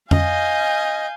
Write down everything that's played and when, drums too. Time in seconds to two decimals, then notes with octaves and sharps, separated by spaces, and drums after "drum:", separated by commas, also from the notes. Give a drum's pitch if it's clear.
0.11 D#5 F5 G#5 G6, drum: tom F2